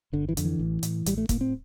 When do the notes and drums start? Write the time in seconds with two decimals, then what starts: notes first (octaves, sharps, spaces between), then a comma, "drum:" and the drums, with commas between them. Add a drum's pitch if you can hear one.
0.13 G1 D3
0.29 E3
0.37 F2 D3, drum: hi-hat
0.45 E3
0.59 A1
0.83 A2, drum: hi-hat
1.06 A1 G3, drum: hi-hat
1.18 A3
1.29 A2 A#3, drum: kick, hi-hat
1.41 C4